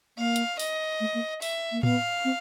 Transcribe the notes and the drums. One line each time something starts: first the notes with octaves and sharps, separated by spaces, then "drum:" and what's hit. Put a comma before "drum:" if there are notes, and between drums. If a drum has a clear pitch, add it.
A#3 F5
drum: hi-hat
D#5, drum: open hi-hat
A3
A#3
E5, drum: open hi-hat
A#3
B3 F5, drum: tom A2
C4